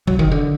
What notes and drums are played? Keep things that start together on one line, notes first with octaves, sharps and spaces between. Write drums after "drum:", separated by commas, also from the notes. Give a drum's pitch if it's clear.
F#3, drum: kick
D#3
D3